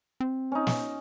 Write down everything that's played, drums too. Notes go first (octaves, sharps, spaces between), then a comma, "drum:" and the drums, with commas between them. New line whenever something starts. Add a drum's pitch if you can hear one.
C4
C#4 D#4
drum: snare